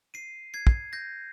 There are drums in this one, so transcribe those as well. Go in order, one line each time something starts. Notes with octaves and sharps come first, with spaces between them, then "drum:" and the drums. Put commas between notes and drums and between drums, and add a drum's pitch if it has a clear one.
C7 D#7
G#6 C7
drum: kick
G6 A#6